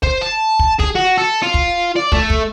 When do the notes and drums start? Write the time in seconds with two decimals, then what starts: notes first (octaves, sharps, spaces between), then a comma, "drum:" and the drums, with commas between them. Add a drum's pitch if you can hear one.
0.03 C5, drum: kick
0.22 A5
0.59 drum: kick
0.80 G#4, drum: kick
0.96 F#4
1.18 A4
1.42 F4
1.54 drum: kick
1.96 D5
2.12 A3, drum: kick
2.30 drum: kick